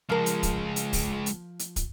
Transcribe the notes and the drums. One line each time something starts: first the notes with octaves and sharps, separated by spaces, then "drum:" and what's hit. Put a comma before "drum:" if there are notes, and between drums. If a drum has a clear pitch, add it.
C#2 F3 G#3 A#4
drum: hi-hat
drum: kick, hi-hat
drum: hi-hat
drum: kick, open hi-hat
drum: hi-hat
drum: hi-hat
drum: kick, hi-hat